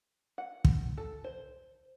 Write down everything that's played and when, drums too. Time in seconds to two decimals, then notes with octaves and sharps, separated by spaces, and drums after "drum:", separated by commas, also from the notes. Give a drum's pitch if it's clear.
0.38 F#5
0.65 drum: kick
0.97 A4
1.24 C5